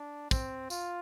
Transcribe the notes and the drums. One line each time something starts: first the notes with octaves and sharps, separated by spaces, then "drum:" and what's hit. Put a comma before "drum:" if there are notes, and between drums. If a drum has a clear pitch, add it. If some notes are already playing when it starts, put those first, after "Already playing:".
Already playing: D4
C4, drum: kick, tambourine
F4, drum: tambourine